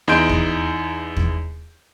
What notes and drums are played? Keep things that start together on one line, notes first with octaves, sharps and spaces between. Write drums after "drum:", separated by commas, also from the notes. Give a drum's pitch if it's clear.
E2 D#4 E4 C6 G6 D7
drum: kick
drum: kick